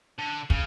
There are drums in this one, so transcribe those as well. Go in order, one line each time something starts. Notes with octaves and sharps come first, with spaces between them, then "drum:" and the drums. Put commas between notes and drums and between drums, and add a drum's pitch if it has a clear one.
D3
C#3, drum: kick